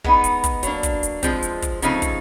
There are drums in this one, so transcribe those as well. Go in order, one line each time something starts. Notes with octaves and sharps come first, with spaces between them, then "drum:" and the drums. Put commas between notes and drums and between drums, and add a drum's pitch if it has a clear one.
G#3 B3 D#4, drum: kick
drum: hi-hat
drum: kick, hi-hat
F#3 A#3 D4, drum: hi-hat
drum: kick, hi-hat
drum: hi-hat
F3 G#3 C4, drum: kick, hi-hat
drum: hi-hat
drum: kick, hi-hat
C#3 F3 A3 C4 D#4, drum: hi-hat
drum: kick, hi-hat